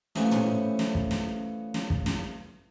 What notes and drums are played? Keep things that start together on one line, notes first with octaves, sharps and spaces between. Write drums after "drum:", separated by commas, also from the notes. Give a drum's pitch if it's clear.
E3 F3 A3 B3 C#4 G4, drum: snare
drum: tom
drum: snare
drum: kick
drum: snare
drum: snare
drum: kick
drum: snare